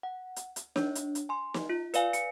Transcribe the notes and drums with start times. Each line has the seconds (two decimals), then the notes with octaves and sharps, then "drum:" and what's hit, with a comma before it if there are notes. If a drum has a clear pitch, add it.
0.03 F#5
0.36 drum: hi-hat
0.56 drum: hi-hat
0.76 D4 C#5, drum: snare
0.95 drum: hi-hat
1.15 drum: hi-hat
1.29 G#5 C6
1.54 drum: snare
1.70 F4
1.94 B4 D5 F5 G#5, drum: hi-hat
2.13 C#7, drum: hi-hat